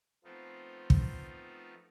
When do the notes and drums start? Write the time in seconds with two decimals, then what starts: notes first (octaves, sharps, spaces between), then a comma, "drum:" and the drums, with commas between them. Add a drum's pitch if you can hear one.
0.24 F3 A3 B3 C4 D#4 F4
0.90 drum: kick